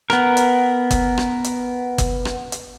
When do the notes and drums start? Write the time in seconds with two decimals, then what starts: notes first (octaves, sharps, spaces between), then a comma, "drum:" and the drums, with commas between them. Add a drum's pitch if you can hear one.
0.10 B3 A#4, drum: rim click
0.37 drum: hi-hat
0.91 drum: kick, hi-hat
1.17 drum: rim click
1.44 drum: hi-hat
1.98 drum: kick, hi-hat
2.25 drum: rim click
2.52 drum: hi-hat